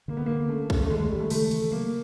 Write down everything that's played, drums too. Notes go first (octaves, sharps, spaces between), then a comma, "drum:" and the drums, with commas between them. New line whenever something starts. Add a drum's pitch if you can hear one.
D3 A#3
B3
D3 A#3
A3 C#4
C#4, drum: kick A#1
A3
D#3 G#3
G#3
D#3 G3
A3
C#3 A3, drum: open hi-hat
E3, drum: cymbal
F#3 A#3